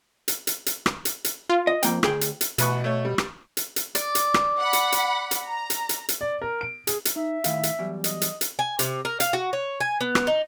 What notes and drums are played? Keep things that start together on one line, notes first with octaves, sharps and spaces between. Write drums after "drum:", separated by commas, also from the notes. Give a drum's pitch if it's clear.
drum: hi-hat
drum: hi-hat
drum: hi-hat
drum: rim click
drum: hi-hat
drum: hi-hat
F4
D#5
F2 A#3 G5, drum: hi-hat
D2 G#4 G5, drum: rim click
drum: hi-hat
drum: hi-hat
A1 B2 B4 C#6, drum: hi-hat
A3 C#5
G3
drum: rim click
drum: hi-hat
drum: hi-hat
D5, drum: hi-hat
drum: hi-hat
drum: rim click
F#5 B5
drum: hi-hat
drum: hi-hat
drum: hi-hat
A#5
drum: hi-hat
drum: hi-hat
drum: hi-hat
D5
A#4
D7
G#4, drum: hi-hat
drum: hi-hat
D#4 E5
A2 D#3 F5, drum: hi-hat
drum: hi-hat
E2 F#3 G3
D#5, drum: hi-hat
drum: hi-hat
drum: hi-hat
G#5
C3, drum: hi-hat
A#4
F5, drum: hi-hat
F#4
C#5
G#5
B3
drum: rim click
D#4